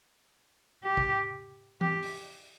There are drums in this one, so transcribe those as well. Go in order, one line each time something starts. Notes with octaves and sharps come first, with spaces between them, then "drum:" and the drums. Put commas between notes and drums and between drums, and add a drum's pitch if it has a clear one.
G4
drum: kick
G4, drum: tom E3
drum: open hi-hat